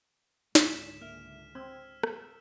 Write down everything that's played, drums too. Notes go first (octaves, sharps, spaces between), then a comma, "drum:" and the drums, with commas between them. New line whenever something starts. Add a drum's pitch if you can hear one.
C#2 G#2 D3 B6 E7, drum: snare
A#3 E5 F6
C4 E6 G#6
drum: rim click